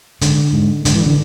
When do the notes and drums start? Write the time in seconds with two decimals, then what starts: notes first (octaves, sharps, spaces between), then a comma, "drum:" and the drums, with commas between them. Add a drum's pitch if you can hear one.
0.21 G#2 D3, drum: hi-hat
0.53 G#2
0.85 G#2 D3, drum: hi-hat
0.95 E3
1.06 D3